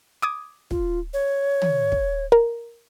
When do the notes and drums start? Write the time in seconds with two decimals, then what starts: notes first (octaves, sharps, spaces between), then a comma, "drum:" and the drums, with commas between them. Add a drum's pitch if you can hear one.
0.22 D6 D#6 G#6
0.71 F4, drum: kick
1.13 C#5
1.62 drum: tom
1.92 drum: kick
2.32 A#4